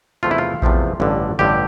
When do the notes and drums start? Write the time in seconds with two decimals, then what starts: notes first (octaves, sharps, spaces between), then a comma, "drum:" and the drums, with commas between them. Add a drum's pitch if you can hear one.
0.23 E2 C3 F3 A3 F4
0.31 E4
0.38 F4
0.62 E2 C3 F3 A3, drum: kick A1
1.00 A1 G2 D3
1.39 A1 G2 D3 G4